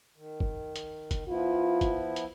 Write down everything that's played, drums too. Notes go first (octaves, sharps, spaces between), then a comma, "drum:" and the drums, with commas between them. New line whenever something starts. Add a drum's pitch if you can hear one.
D#3
drum: kick
drum: hi-hat
drum: kick, hi-hat
F3 B3 E4 F4
drum: kick, hi-hat
drum: hi-hat